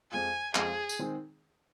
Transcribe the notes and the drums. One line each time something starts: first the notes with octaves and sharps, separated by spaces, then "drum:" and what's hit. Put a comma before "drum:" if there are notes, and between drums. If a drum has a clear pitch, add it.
F2 F3 G#3 F4 G#5
F2 F3 G#3 F4 G#4, drum: clap
drum: tambourine
D#3 G#3 C4 G#4